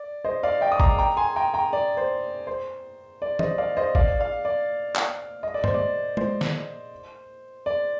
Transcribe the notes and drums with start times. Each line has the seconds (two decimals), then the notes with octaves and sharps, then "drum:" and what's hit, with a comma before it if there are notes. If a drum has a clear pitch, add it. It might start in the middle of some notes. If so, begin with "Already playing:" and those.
Already playing: D5
0.25 C5 D#5
0.43 D5 F5
0.61 D#5 G5
0.72 D#6
0.80 A#5 D6, drum: kick
0.98 G5 A#5
1.17 G#5 C6
1.36 G5 A#5
1.54 G5 A#5
1.73 D5
1.97 C5
2.47 C5
3.22 D5
3.39 C5 D#5, drum: tom E3
3.58 D5 F5
3.77 C5 D#5
3.95 D5 F5, drum: kick
4.19 D5 F5
4.45 D5
4.95 drum: clap
5.43 D#5
5.54 D5
5.64 C5, drum: tom G2
5.74 D5
6.17 C5, drum: tom G#3
6.41 drum: snare
7.66 D5